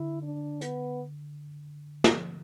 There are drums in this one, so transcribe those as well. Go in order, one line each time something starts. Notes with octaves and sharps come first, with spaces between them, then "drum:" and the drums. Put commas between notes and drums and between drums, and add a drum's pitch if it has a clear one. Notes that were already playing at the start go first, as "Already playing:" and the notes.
Already playing: D3 E4
D4
B3, drum: hi-hat
drum: snare